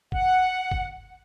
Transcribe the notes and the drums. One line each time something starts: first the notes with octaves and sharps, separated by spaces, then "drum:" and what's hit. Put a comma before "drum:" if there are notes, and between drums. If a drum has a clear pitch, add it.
F#5, drum: kick
drum: kick